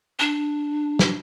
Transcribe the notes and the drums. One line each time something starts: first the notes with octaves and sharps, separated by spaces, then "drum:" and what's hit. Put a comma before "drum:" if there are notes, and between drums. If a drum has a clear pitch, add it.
D4
drum: snare